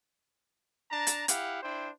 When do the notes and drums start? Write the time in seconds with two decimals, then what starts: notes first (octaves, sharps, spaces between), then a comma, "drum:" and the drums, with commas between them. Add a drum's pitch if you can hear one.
0.91 D4 A5 A#5
1.07 drum: hi-hat
1.28 E4 G4 F5 F#5, drum: hi-hat
1.62 D4 E4 C5 G5